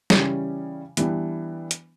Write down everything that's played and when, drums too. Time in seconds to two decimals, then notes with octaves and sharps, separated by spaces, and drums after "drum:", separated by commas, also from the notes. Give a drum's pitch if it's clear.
0.10 C#3 E3 G3 C#4, drum: snare
0.97 E3 G3 B3 D4, drum: hi-hat
1.71 drum: hi-hat